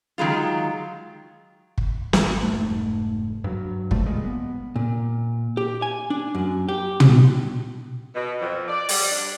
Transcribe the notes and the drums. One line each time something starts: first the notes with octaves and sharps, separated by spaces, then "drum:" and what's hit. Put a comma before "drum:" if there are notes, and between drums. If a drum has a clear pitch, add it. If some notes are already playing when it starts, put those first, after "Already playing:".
D#3 F#3 G#3 F4
drum: kick
G#1, drum: snare
F1 D#2 G#2 A3
G2 F#3
A#1 F3 G3 A3, drum: kick
C#2 G2 A#2 G#3
B3
A#2
G4
G#5
D4
F#2
G4
drum: tom
B2
F2
D5
G3, drum: open hi-hat
D4